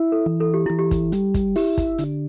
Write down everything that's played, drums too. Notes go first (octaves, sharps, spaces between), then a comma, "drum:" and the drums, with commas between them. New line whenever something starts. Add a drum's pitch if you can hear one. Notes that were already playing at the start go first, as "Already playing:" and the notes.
Already playing: E4
A4
E3
A4
G4
E3 E4
G4
drum: kick, hi-hat
G3, drum: hi-hat
drum: kick, hi-hat
E4 G4, drum: open hi-hat
drum: kick, hi-hat
D3, drum: hi-hat